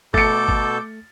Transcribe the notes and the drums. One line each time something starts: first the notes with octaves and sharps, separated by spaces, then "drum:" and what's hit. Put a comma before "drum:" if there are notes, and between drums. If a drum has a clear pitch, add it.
B2 A3 A4 D6 G6 A6 C#7, drum: kick G1
drum: kick G1